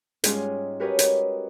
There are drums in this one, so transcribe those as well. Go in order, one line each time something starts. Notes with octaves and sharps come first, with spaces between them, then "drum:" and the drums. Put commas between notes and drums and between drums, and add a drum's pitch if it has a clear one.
G#2 G3 G#3 C#4 F4 G#4, drum: hi-hat
F#4 G4 A#4 B4 C#5 D#5
drum: hi-hat